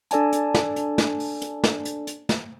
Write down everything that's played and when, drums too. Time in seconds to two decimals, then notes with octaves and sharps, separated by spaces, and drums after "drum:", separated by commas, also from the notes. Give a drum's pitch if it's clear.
0.11 D4 A4 D5 G#5 A5, drum: hi-hat
0.33 drum: hi-hat
0.54 drum: snare
0.76 drum: hi-hat
0.98 drum: snare
1.20 drum: open hi-hat
1.42 drum: hi-hat
1.64 drum: snare
1.85 drum: hi-hat
2.07 drum: hi-hat
2.29 drum: snare